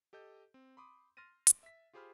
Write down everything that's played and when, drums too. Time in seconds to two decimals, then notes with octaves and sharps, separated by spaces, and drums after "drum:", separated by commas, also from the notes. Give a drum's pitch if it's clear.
0.13 G4 A4 D#5 G6
0.54 C4
0.77 B5 C6 D6 D#6
1.17 C6 F6 A6 A#6 D#7
1.47 drum: hi-hat
1.63 E5 B6
1.93 F4 G4 G#4 C5 B5 F6